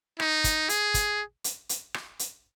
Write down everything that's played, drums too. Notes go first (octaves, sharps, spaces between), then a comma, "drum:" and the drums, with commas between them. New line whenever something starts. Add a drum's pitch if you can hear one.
D#4, drum: rim click
drum: kick, hi-hat
G#4, drum: hi-hat
drum: kick, hi-hat
drum: hi-hat
drum: hi-hat
drum: rim click
drum: hi-hat